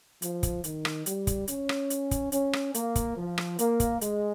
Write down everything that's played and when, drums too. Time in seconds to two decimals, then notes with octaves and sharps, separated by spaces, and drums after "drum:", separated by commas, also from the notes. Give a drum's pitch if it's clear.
0.22 F3, drum: hi-hat
0.43 drum: kick, hi-hat
0.64 D#3, drum: hi-hat
0.85 drum: rim click
1.06 G3, drum: hi-hat
1.27 drum: kick, hi-hat
1.48 C#4, drum: hi-hat
1.69 drum: rim click
1.90 drum: hi-hat
2.11 drum: kick, hi-hat
2.32 C#4, drum: hi-hat
2.53 drum: rim click
2.74 A#3, drum: hi-hat
2.96 drum: kick, hi-hat
3.17 F3
3.38 drum: rim click
3.59 A#3, drum: hi-hat
3.80 drum: kick, hi-hat
4.01 G#3, drum: hi-hat